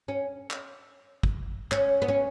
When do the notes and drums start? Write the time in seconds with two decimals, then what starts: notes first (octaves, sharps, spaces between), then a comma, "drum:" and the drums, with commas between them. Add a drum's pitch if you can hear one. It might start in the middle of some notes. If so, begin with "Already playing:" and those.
0.08 C#4
0.51 drum: clap
1.23 drum: kick
1.72 C#4, drum: clap
2.02 B3
2.08 C#4